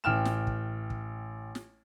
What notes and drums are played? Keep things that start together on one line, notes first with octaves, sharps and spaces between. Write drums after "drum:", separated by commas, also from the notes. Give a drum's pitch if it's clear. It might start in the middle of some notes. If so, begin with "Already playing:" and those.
A1 G5 F6 E7
drum: snare
drum: kick
drum: kick
drum: snare